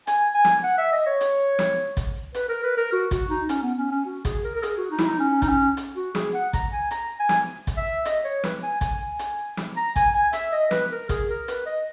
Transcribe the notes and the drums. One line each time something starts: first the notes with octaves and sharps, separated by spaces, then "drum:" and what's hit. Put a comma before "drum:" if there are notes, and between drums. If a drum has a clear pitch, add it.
G#5, drum: hi-hat
G#5
drum: snare
F#5
E5
D#5
C#5
drum: hi-hat
drum: snare
drum: kick, hi-hat
B4, drum: hi-hat
A#4
B4
A#4
F#4
F#4, drum: kick, hi-hat
D#4
C#4, drum: hi-hat
B3
C#4
C#4
F#4
G#4, drum: kick, hi-hat
A#4
A#4
G#4, drum: hi-hat
F#4
D#4
E4, drum: snare
D#4
C#4
D#4, drum: kick, hi-hat
C#4
drum: hi-hat
F#4
G#4, drum: snare
F#5
A#5, drum: kick, hi-hat
G#5
A#5, drum: hi-hat
G#5
drum: snare
drum: kick, hi-hat
E5
D#5, drum: hi-hat
C#5
B4, drum: snare
G#5
G#5, drum: kick, hi-hat
G#5
drum: hi-hat
drum: snare
A#5
G#5, drum: kick, hi-hat
G#5
E5, drum: hi-hat
D#5
B4, drum: snare
A#4
G#4, drum: kick, hi-hat
A#4
B4, drum: hi-hat
D#5